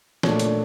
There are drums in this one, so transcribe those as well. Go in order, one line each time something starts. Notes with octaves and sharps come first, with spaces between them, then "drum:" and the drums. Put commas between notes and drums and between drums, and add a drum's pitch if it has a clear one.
A#2 A3 D4 C#5, drum: snare
drum: hi-hat